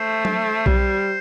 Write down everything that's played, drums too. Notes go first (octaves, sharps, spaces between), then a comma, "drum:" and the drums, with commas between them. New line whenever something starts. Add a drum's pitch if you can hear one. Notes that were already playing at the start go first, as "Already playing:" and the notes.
Already playing: A3 C5
drum: tom F#3
G3, drum: kick B1